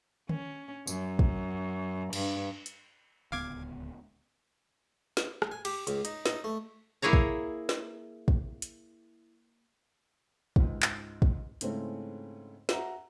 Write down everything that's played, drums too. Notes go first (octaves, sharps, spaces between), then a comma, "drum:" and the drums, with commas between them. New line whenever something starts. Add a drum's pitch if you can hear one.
C#4, drum: tom D3
F#2, drum: tambourine
drum: kick
G2, drum: cymbal
drum: hi-hat
D1 C#2 B3 F5 D6 G#6
drum: snare
drum: rim click
G#5
G4, drum: cymbal
C#2, drum: hi-hat
D#4, drum: hi-hat
D#4, drum: snare
A3
A#3 E4 G#4 C#5 A#5
drum: kick
drum: snare
drum: kick
drum: hi-hat
C#2 G#2, drum: kick
drum: clap
drum: kick
G#2 C#3 A3 C4 C#4 E4, drum: hi-hat
F#4 E5 F#5 A#5, drum: snare